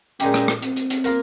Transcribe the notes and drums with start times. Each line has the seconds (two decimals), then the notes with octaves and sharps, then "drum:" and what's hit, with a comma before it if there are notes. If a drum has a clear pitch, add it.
0.20 A#2 G#3 C#4 D#4 G4, drum: hi-hat
0.34 drum: rim click
0.48 drum: rim click
0.62 C4, drum: hi-hat
0.76 drum: hi-hat
0.90 drum: hi-hat
1.04 A#3 F4 A#4, drum: hi-hat